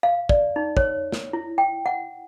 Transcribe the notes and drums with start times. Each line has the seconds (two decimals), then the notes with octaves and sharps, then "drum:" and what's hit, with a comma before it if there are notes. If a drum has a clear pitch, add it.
0.03 F5
0.29 D5, drum: kick
0.56 D#4
0.77 C#5, drum: kick
1.12 drum: snare
1.33 E4
1.58 G5
1.86 F#5